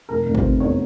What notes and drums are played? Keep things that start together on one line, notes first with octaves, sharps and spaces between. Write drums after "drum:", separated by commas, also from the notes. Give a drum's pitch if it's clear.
F1 A#4
F1
C5, drum: kick
C3
E2 C#5